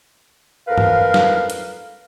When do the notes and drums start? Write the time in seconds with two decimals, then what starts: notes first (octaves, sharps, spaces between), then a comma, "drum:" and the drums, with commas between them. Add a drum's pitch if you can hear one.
0.68 F2 A#4 B4 F5
0.78 drum: tom G2
1.14 drum: snare
1.50 drum: hi-hat